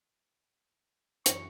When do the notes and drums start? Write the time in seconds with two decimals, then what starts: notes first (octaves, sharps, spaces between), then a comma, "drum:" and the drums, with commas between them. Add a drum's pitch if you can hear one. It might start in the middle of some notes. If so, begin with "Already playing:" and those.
1.26 F#2 E3 C#6, drum: hi-hat